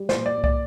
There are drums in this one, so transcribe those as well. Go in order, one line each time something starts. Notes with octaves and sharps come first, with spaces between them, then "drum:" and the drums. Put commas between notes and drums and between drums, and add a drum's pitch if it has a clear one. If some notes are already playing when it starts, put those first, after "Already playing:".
Already playing: G3
C5, drum: snare
A#2
D5
A#2
D5, drum: kick C2